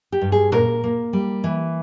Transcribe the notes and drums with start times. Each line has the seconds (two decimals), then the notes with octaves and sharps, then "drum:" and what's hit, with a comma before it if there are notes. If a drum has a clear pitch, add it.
0.12 G4
0.21 G2
0.32 G#4
0.52 A#3 A#4, drum: tom A#2
0.84 A#3
1.13 G3
1.44 E3